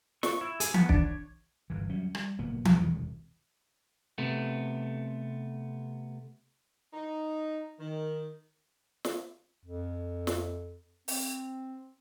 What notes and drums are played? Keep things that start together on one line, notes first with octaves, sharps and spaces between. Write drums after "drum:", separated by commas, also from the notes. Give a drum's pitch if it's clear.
C#6, drum: snare
E4
G#4, drum: hi-hat
B3, drum: tom E3
D4, drum: kick
C#5
G1 E3
D2 F#3 G3 C#4
G3, drum: rim click
F#1 A#2 A#3 B3
E1 C2 F2 A#2, drum: tom E3
C3 A3 B3
D#4
D#3
drum: snare
F2
drum: snare
C4, drum: open hi-hat